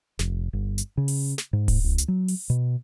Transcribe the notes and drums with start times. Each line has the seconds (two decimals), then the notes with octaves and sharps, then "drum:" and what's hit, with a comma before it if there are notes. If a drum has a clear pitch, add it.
0.19 F1, drum: snare
0.53 G1
0.78 drum: hi-hat
0.97 C#3
1.08 drum: open hi-hat
1.38 drum: snare
1.53 G#2
1.68 drum: kick D1, open hi-hat
1.84 C#2
1.98 drum: hi-hat
2.08 F#3
2.28 drum: open hi-hat
2.50 B2